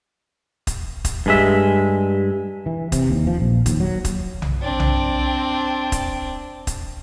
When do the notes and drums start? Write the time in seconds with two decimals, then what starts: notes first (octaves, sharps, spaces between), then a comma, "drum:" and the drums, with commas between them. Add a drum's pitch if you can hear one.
0.67 drum: kick, hi-hat
1.05 drum: kick, hi-hat
1.26 G2 G#3 E5
2.66 E3
2.92 C3, drum: kick, hi-hat
3.10 D#2
3.27 F3
3.40 A#1
3.66 D#2, drum: kick, hi-hat
3.80 F#3
4.05 drum: kick, hi-hat
4.42 drum: tom B1
4.62 C4 D4
4.80 drum: tom B1
5.92 drum: kick, hi-hat
6.67 drum: kick, hi-hat